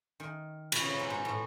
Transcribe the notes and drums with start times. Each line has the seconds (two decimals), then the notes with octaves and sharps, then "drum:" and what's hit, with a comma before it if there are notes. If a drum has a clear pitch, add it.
0.20 D#3
0.72 B2, drum: cymbal
0.80 C#3
0.90 B2
0.99 G#2
1.10 G#2
1.25 A2